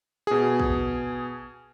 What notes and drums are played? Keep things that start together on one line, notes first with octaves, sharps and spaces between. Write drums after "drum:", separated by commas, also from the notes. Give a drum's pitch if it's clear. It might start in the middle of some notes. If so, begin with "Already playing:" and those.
B2 G#4
drum: kick